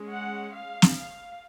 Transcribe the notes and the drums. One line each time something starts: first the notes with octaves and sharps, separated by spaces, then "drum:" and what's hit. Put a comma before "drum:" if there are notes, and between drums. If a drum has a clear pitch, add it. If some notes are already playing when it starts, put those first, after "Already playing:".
Already playing: G#3 C#4
F#5
F5
drum: snare
F5